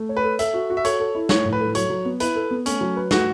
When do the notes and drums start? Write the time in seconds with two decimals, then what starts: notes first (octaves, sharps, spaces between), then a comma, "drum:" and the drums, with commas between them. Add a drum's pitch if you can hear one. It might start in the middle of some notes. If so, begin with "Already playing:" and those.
Already playing: A3
0.09 C#5
0.17 B4
0.24 A4
0.39 A4 E5, drum: hi-hat
0.54 F#4
0.70 F#4
0.77 E5
0.85 A4 C#5, drum: hi-hat
1.00 A4
1.15 E4
1.29 A3 C#5, drum: snare
1.45 A2
1.53 B4
1.60 A4
1.75 F#3 C#5, drum: hi-hat
1.90 F#3
2.05 B3
2.20 E4 B4, drum: hi-hat
2.36 A4
2.51 B3
2.66 A3 C#4, drum: hi-hat
2.81 F#3
2.96 B4
3.11 A3 F#4, drum: snare